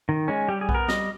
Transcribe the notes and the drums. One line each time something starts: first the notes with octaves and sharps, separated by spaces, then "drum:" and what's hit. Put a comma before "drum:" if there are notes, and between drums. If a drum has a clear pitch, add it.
D#3
G#3 C#4
G3 G4
G#4
B3, drum: kick B1
A#4
G3 D#5, drum: snare